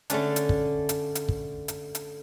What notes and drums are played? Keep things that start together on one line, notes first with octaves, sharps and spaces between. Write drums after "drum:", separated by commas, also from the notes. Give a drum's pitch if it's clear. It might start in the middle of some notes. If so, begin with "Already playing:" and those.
D3 A3 C#4 D4, drum: hi-hat
drum: hi-hat
drum: kick
drum: hi-hat
drum: hi-hat
drum: kick
drum: hi-hat
drum: hi-hat